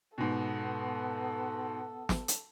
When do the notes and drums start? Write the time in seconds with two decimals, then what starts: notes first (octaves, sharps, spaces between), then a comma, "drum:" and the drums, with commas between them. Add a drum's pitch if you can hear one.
0.18 G#2 B2 B3 A4
2.09 drum: snare
2.28 drum: hi-hat